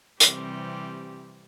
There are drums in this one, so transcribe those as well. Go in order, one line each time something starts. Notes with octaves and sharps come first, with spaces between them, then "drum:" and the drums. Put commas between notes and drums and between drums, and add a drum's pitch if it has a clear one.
C3 E3 G3 C4 G4, drum: hi-hat